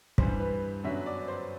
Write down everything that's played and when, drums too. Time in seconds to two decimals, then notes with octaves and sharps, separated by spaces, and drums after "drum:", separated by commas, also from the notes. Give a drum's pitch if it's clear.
0.18 G2 E3 G3 C5, drum: kick
0.40 B4
0.84 F#2 D3 F#3 B3 D4 E5
1.06 D5
1.28 C5